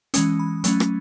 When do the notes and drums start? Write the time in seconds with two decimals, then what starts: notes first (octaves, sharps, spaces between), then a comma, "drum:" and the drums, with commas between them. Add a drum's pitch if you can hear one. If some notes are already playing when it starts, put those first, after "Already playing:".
0.14 E3 G#3 C#4 D#6, drum: hi-hat
0.39 B5
0.64 F#3 A3 C#4, drum: hi-hat
0.80 drum: rim click